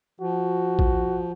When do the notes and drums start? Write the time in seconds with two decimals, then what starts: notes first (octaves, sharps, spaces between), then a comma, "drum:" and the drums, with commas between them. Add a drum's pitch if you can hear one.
0.20 F3 F#4
0.79 drum: kick A#1